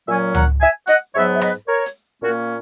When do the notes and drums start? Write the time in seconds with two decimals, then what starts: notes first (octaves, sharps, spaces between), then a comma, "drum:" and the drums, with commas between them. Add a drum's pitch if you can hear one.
0.07 A#2 F#3 C#4 E5 G#5
0.35 F#5 A#5, drum: tom C#2
0.61 E5 G#5
0.87 D#5 F#5, drum: hi-hat
1.15 G#2 F#3 B3 C#5 E5
1.33 E5
1.41 B4 D#5, drum: rim click
1.68 A#4 C#5
1.86 drum: hi-hat
2.21 A#2 A#3 C#4 F#4 A#4